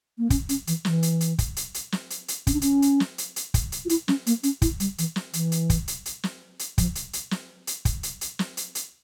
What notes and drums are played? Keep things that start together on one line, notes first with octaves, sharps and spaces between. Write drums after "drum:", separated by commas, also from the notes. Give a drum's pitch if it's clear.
A#3
C#4, drum: kick, hi-hat
C#4, drum: hi-hat
E3, drum: hi-hat
E3, drum: snare
drum: hi-hat
drum: hi-hat
drum: kick, hi-hat
drum: hi-hat
drum: hi-hat
drum: snare
drum: hi-hat
drum: hi-hat
C#4, drum: kick, hi-hat
D4
C#4, drum: hi-hat
drum: hi-hat
drum: snare
drum: hi-hat
drum: hi-hat
drum: kick, hi-hat
drum: hi-hat
F4
E4, drum: hi-hat
C#4, drum: snare
A#3, drum: hi-hat
C#4, drum: hi-hat
E4, drum: kick, hi-hat
G3, drum: hi-hat
E3, drum: hi-hat
drum: snare
E3, drum: hi-hat
drum: hi-hat
drum: kick, hi-hat
drum: hi-hat
drum: hi-hat
drum: snare
drum: hi-hat
F3, drum: kick, hi-hat
drum: hi-hat
drum: hi-hat
drum: snare
drum: hi-hat
drum: kick, hi-hat
drum: hi-hat
drum: hi-hat
drum: snare
drum: hi-hat
drum: hi-hat